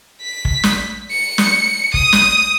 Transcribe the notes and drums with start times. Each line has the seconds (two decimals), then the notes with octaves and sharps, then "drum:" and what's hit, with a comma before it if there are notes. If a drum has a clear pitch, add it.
0.22 B6
0.45 drum: kick
0.63 drum: snare
1.11 C#7
1.38 drum: snare
1.94 D#6, drum: kick
2.13 drum: snare